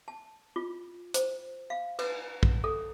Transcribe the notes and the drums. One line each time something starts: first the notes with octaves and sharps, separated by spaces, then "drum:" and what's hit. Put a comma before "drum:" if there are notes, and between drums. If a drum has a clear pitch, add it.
A5
F4
C5, drum: hi-hat
F5
B4, drum: cymbal
drum: kick
A4